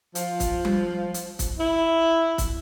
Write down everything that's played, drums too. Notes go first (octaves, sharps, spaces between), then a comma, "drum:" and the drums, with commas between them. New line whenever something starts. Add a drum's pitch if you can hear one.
F3, drum: hi-hat
drum: kick, hi-hat
drum: tom G3
drum: hi-hat
drum: kick, hi-hat
E4
drum: kick, hi-hat